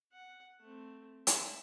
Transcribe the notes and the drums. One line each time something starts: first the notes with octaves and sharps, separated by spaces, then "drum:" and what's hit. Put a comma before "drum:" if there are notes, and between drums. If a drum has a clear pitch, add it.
F#5
A3 C4
E5, drum: hi-hat